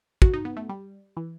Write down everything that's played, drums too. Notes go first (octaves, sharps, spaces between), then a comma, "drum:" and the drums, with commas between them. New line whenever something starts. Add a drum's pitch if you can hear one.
F#4, drum: kick
D#4
B3
A3
G3
E3